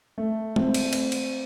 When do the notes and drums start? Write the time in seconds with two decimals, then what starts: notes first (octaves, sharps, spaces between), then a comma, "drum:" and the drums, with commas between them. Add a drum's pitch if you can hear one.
0.18 A3
0.56 C4, drum: tom G#3
0.74 drum: cymbal
0.93 C4, drum: cymbal
1.12 drum: cymbal